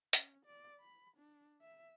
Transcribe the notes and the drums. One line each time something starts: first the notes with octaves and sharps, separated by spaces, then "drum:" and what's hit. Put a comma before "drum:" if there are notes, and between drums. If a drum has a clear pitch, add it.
C#4, drum: hi-hat
D5
B5
D4
E5